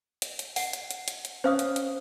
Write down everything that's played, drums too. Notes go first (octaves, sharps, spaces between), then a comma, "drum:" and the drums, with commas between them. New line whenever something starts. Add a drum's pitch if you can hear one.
drum: hi-hat
drum: hi-hat
F#5, drum: open hi-hat
drum: hi-hat
drum: hi-hat
drum: hi-hat
drum: hi-hat
C#4 C5 F5 D#6
drum: hi-hat
drum: hi-hat